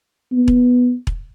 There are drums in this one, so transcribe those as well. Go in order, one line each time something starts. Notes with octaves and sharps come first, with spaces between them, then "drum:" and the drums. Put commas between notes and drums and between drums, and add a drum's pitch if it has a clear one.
B3
drum: kick E1
drum: kick E1